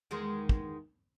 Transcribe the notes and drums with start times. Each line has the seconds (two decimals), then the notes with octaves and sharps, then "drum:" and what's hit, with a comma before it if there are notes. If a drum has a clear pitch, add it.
0.11 E2 D#3 G#3
0.49 drum: kick